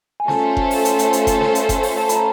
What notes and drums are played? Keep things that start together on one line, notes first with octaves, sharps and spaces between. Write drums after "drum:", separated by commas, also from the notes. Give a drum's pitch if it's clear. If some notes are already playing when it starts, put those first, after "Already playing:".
G#5
A3 C#4 F4 A4 C5 A5, drum: snare
drum: kick F#1
drum: open hi-hat
A5, drum: hi-hat
drum: hi-hat
drum: hi-hat
drum: kick F#1, hi-hat
drum: snare
drum: hi-hat
drum: kick F#1, hi-hat
drum: open hi-hat
A5
B5, drum: hi-hat
A#5